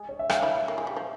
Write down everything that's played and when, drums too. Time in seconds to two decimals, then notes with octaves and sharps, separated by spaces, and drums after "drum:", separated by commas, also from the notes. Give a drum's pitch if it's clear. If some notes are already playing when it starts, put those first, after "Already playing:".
Already playing: G#3 G#4
0.09 C#5
0.19 E5
0.29 G3 G4 F5, drum: rim click
0.42 E3 E4
0.68 A#3
0.78 G#3
0.87 G3
0.97 F3